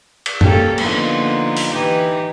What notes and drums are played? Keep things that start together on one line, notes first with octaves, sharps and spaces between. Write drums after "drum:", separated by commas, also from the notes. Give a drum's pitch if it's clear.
drum: cymbal
A#3 C#4 G4 A4, drum: tom F#2
D3 F3 A#3 B3 D#4 F4, drum: cymbal
drum: open hi-hat
E3 D#4 G4